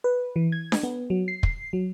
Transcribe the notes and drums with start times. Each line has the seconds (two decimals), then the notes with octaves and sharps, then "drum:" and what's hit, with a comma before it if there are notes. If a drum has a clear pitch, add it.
0.04 B4
0.36 E3
0.52 G#6
0.72 drum: snare D4
0.83 B3
1.10 F#3
1.28 C7
1.43 drum: kick
1.73 F#3